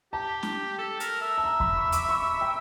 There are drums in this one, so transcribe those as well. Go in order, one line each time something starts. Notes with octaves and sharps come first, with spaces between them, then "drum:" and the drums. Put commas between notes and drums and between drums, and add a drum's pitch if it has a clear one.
G4 A5
drum: snare
A4
A#4, drum: hi-hat
E5
A5
A#5
B5, drum: kick E2
C#6
D6, drum: hi-hat
C#6
G5